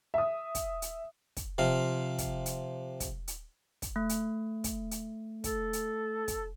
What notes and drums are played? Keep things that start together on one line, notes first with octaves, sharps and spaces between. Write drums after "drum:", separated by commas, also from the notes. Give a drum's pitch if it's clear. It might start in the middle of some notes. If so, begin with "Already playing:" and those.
E5 D#6
drum: kick, hi-hat
drum: hi-hat
drum: kick, hi-hat
C3 F3 F5
drum: kick, hi-hat
drum: hi-hat
drum: kick, hi-hat
drum: hi-hat
drum: kick, hi-hat
A3
drum: hi-hat
drum: kick, hi-hat
drum: hi-hat
A4, drum: kick, hi-hat
drum: hi-hat
drum: kick, hi-hat